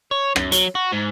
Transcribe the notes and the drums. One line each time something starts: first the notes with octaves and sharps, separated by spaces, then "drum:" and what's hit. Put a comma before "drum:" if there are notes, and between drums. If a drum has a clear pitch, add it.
C#5
F#2, drum: rim click
F#3, drum: hi-hat
F#4
G#2